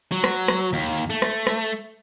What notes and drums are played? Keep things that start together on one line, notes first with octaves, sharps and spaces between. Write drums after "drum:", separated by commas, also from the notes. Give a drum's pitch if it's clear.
F#3
drum: rim click
drum: rim click
D#2
drum: hi-hat
A3
drum: rim click
drum: rim click